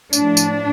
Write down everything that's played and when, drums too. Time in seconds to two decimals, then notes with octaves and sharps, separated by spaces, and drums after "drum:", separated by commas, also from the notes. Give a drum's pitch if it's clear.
0.13 A2 F3 D4, drum: tambourine
0.37 drum: tambourine